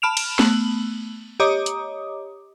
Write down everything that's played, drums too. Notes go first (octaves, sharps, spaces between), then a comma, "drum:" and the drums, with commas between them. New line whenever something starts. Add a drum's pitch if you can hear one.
A5 B5 F6 D7 E7 F7
drum: cymbal
A3 B3 F#7, drum: snare
G4 C#5 D#5 A#5 D6 D#6
drum: hi-hat